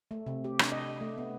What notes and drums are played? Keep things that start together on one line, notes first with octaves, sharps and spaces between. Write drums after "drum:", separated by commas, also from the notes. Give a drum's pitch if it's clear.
A3
C3
G4
D4, drum: rim click
D#5
A3
B3